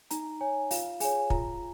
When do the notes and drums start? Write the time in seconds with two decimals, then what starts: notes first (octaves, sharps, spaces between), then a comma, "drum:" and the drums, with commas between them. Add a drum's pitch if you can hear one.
0.11 D#4 A#5, drum: hi-hat
0.41 C#5 G#5
0.71 F4 F5, drum: open hi-hat
1.00 G#4 C#5 G#5, drum: open hi-hat
1.30 F4 A#5, drum: kick